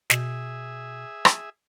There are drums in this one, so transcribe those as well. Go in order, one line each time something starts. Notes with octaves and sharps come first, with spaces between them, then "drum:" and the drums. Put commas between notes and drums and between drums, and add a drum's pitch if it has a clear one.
B2 G#4 E5, drum: snare
drum: rim click